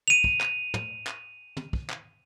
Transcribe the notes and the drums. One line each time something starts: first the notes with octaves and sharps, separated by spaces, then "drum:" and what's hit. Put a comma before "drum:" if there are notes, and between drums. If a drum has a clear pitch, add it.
D#7 F7
drum: kick
drum: clap
drum: tom
drum: clap
drum: tom
drum: kick
drum: clap